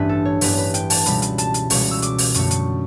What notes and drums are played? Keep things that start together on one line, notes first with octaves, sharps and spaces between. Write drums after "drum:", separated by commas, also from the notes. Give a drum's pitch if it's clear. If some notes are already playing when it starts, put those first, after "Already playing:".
Already playing: A1 G2 E3 B3 D4 B4 E5
A4
C#5
A1 G2 E3 B3 D4 B4, drum: open hi-hat
B4
G5, drum: hi-hat
A5, drum: open hi-hat
C#2 B2 G3 B5, drum: hi-hat
drum: hi-hat
A5, drum: hi-hat
drum: hi-hat
C#2 B2 G3 C#6, drum: open hi-hat
E6
D6, drum: hi-hat
drum: open hi-hat
F#2 D3 A3 C#6, drum: hi-hat
drum: hi-hat